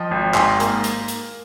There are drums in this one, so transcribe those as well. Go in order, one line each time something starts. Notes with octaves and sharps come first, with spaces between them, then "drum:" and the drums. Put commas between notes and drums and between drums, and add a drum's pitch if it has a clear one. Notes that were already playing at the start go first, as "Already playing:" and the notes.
Already playing: F3 D#5 G5
G#1
G#2 G#5 C6, drum: clap
A#3, drum: hi-hat
drum: hi-hat
drum: hi-hat